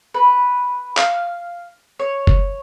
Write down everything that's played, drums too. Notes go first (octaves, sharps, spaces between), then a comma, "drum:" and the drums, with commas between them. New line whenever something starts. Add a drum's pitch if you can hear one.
B4
F5, drum: clap
C#5
drum: kick F#1